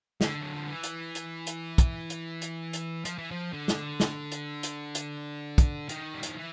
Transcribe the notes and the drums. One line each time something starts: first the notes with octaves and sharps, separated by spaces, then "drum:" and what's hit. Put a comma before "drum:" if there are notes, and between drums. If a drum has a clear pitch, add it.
D3, drum: snare
F#3
F3
E3
drum: hi-hat
drum: hi-hat
drum: hi-hat
drum: kick, hi-hat
drum: hi-hat
drum: hi-hat
drum: hi-hat
F3, drum: hi-hat
E3
F3
D3
drum: snare
drum: snare
drum: hi-hat
drum: hi-hat
drum: hi-hat
drum: kick, hi-hat
D#3, drum: hi-hat
G3
F#3, drum: hi-hat
F3
E3